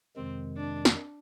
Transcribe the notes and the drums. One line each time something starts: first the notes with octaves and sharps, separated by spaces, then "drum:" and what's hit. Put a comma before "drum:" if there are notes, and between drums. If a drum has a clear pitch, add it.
F2 C3 D#3 G#3 C4
D4
drum: snare